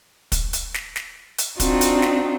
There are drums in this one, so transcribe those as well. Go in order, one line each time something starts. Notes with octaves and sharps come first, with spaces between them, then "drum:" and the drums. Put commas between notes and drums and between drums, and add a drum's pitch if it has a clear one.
drum: kick, hi-hat
drum: hi-hat
drum: snare
drum: snare
drum: hi-hat
C4 D4 D#4 F4 F#4, drum: kick, hi-hat
drum: hi-hat
drum: snare